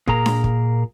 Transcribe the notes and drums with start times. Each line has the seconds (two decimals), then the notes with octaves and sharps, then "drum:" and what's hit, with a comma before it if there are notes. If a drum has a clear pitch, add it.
0.07 A#2 G#4 A#4 A#5, drum: kick
0.26 drum: snare D4
0.44 drum: kick